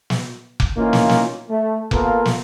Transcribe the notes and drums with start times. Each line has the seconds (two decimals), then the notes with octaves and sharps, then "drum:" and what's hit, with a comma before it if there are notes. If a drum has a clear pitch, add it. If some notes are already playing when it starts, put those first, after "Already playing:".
0.10 drum: snare
0.60 drum: kick F1
0.76 E3 A#3 C#4 D#4 F4
0.93 drum: snare
1.09 drum: snare
1.49 A3
1.91 A#3 B3 F4 A4 A#4, drum: kick F1
2.25 drum: snare